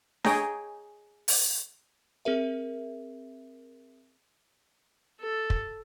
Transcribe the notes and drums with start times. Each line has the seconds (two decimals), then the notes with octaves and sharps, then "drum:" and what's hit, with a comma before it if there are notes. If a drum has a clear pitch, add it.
0.25 G#4 C#5 D#5 G5 G#5 A#5, drum: snare D4
1.28 drum: open hi-hat
2.25 C4 G#4 A#4 E5
5.21 A4
5.50 drum: kick